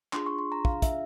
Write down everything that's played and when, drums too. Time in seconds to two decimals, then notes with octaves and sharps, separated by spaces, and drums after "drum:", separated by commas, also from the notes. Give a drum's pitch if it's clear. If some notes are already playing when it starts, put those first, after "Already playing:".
0.13 D4 F4 G#4 C6, drum: clap
0.26 C#6
0.39 C6
0.52 A#5
0.65 F5, drum: kick
0.82 E5, drum: kick, hi-hat